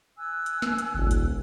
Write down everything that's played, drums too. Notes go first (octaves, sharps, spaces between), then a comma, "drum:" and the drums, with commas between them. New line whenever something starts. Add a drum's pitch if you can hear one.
G#5 E6 F#6
drum: hi-hat
drum: snare
drum: hi-hat
D#1 G#1, drum: tom C3
drum: kick C2, hi-hat